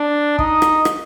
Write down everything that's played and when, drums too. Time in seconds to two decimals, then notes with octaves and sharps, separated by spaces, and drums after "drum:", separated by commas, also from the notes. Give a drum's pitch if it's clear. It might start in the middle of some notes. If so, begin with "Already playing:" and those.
Already playing: D4
0.39 D#4, drum: kick
0.62 drum: rim click
0.85 drum: rim click